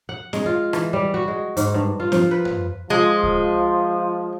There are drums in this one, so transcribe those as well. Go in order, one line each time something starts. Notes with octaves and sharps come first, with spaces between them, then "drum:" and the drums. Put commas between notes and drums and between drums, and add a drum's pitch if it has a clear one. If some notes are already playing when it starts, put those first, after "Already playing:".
F#5
G#3, drum: snare
F4
E3, drum: rim click
G3
F#4
G#3
G#2, drum: hi-hat
G2
F4
F3, drum: snare
B4
drum: tom F#2
F3 G#3
drum: kick C2